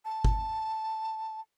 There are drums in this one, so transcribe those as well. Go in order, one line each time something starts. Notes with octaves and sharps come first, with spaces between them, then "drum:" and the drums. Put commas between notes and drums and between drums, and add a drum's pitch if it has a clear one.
A5
drum: kick G1